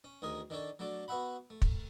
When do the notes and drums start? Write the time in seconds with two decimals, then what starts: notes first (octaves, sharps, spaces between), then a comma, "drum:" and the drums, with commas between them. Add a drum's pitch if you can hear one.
0.04 C#4
0.22 D2 D#3 G#4 A#4 D#6
0.50 D#3 D4 A4 C#5 D5
0.79 F#3 A3 D4 A4 D5
1.08 B3 F#4 E5 F#5 B5
1.50 A3
1.62 drum: kick